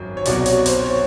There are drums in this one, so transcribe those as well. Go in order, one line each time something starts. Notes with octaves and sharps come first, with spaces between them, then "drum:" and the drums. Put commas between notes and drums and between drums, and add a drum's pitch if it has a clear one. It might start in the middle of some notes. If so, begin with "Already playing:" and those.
Already playing: G#1 F#2 D#3
C#5
C2 B2 F#3 D5, drum: hi-hat
C#5, drum: hi-hat
C5, drum: hi-hat
C#5